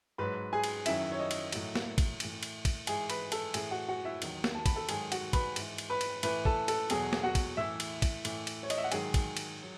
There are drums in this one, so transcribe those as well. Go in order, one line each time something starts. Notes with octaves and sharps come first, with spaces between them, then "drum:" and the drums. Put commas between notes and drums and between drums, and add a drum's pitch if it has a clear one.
G#2 F#3 B4 B5
G#4 G#5
drum: cymbal
F#2 D#3 F#3 E4 E5, drum: cymbal
C#5
D#5
drum: cymbal
A2 F#3, drum: cymbal
drum: snare
drum: kick, cymbal
A2 E3, drum: cymbal
drum: cymbal
drum: kick, cymbal
G#2 E3 G#4 G#5, drum: cymbal
B4 B5, drum: cymbal
A4 A5, drum: cymbal
A2 E3 G#4 G#5, drum: cymbal
F#4 F#5
F#4 F#5
E4 E5
E2 D#3 F#3, drum: cymbal
drum: snare
A5
B5, drum: kick, cymbal
A4 A5
G#2 D#3 F#3 G#4 G#5, drum: cymbal
F#4 F#5, drum: cymbal
B4 B5, drum: kick, cymbal
G#2 E3, drum: cymbal
drum: cymbal
B4 B5
drum: cymbal
A2 E3 B4 B5, drum: cymbal
A4 A5, drum: kick
A4 A5, drum: cymbal
E2 B2 F#3 G#4 G#5, drum: cymbal
drum: snare
F#4 F#5
drum: kick, cymbal
A2 E3 E4 E5
drum: cymbal
drum: kick, cymbal
A2 E3, drum: cymbal
drum: cymbal
C#5
D#5, drum: cymbal
E5
F#5
G#2 D#3 F#3 G#4 G#5, drum: cymbal
drum: kick, cymbal
drum: cymbal
F#3